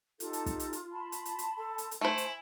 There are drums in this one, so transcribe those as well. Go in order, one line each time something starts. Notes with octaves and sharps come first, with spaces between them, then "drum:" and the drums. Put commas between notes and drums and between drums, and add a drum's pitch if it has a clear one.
D#4 F4 G4 A4, drum: hi-hat
drum: hi-hat
drum: kick, hi-hat
drum: hi-hat
drum: hi-hat
A5 B5 C6
drum: hi-hat
drum: hi-hat
drum: hi-hat
A4
drum: hi-hat
drum: hi-hat
A3 E4 C5 G#5
drum: hi-hat